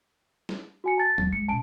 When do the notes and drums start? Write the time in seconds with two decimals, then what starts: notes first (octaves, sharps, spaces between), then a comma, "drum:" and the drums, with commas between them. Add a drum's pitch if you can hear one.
0.49 drum: snare
0.84 F#4 G#5 C#7
0.98 A5 A6
1.18 D#2 F#3, drum: tom G2
1.33 G#3 C#7
1.48 F#2 B2 A5 D7